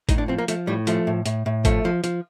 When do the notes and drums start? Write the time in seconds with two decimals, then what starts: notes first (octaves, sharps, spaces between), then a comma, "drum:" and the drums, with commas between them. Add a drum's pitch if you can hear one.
0.09 A2 D#4, drum: kick, hi-hat
0.18 D4
0.28 F3 C4
0.38 A#3
0.48 F3 A3, drum: hi-hat
0.67 A2 G3
0.87 F3 A3, drum: hi-hat
1.07 A2
1.26 A2, drum: hi-hat
1.46 A2
1.65 F3 A3, drum: kick, hi-hat
1.85 F3
2.04 F3, drum: hi-hat